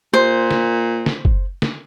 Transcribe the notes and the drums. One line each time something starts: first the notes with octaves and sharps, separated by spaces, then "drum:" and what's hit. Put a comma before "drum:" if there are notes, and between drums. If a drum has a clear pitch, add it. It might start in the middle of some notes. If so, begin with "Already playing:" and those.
A#2 C5
drum: snare
drum: snare
drum: kick F#1
drum: snare